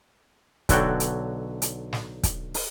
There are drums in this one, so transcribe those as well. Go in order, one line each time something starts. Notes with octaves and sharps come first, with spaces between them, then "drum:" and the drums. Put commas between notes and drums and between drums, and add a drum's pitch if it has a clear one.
B1 D3 F#3 F#4 A4 G5, drum: kick, hi-hat
drum: hi-hat
drum: hi-hat
drum: snare
drum: kick, hi-hat
drum: open hi-hat